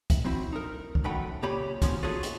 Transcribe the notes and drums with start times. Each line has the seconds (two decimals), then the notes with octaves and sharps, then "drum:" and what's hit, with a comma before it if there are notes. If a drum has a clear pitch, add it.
0.10 drum: kick, hi-hat
0.25 F#3 C4 E4
0.53 D#4 A#4
0.95 drum: kick
1.04 F#2 A3 B4 F#5 G5 B5
1.43 A#2 C#3 A#3 G4 C#5 B5
1.82 G#2 B2 F3 B3 C#4, drum: kick, hi-hat
2.03 F4 F#4 G#4 A4 B4 C#5
2.23 drum: hi-hat